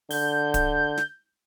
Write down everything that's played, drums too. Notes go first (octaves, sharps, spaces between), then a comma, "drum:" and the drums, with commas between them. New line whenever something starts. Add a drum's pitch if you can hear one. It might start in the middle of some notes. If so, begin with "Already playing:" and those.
D3 G6, drum: open hi-hat
drum: kick D1, hi-hat
drum: snare